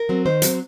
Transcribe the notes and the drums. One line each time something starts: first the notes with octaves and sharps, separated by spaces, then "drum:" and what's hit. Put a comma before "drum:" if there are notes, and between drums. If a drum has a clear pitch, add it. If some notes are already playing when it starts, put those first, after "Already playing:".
Already playing: A#4
F#3 C4
D#3 C5
F#3 C4, drum: hi-hat